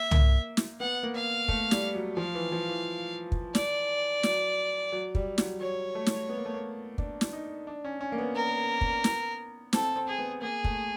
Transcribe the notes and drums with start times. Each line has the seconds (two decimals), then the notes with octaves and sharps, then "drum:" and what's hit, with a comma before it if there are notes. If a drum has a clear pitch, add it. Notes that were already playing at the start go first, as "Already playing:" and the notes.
Already playing: A#3 E5
0.11 A#3, drum: tom
0.57 drum: snare
0.80 B3 F#5
1.03 A#3
1.15 F5
1.48 A3, drum: kick
1.71 G3, drum: snare
1.95 F#3
2.17 F3 F5
2.35 E3
2.52 F3
2.69 E3
3.32 drum: kick
3.55 D5, drum: snare
4.23 F#3, drum: snare
4.92 F#3
5.15 G3, drum: kick
5.38 F#3, drum: snare
5.61 F#3 C#5
5.95 A3
6.06 drum: snare
6.29 B3
6.38 A#3
6.46 A3
6.54 A#3
6.98 D4, drum: kick
7.21 drum: snare
7.33 D#4
7.67 D4
7.84 C#4
8.01 C#4
8.12 A#3
8.18 B3
8.36 A#4
8.81 drum: kick
9.04 drum: snare
9.73 C4 A4, drum: snare
9.96 C4
10.07 G#4
10.18 B3
10.41 A#3 G#4
10.64 A3, drum: kick